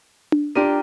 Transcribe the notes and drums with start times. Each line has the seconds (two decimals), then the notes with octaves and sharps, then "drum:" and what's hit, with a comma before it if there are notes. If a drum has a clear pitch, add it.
0.32 drum: tom D4
0.55 D4 F4 G4 A#4 D5 D#7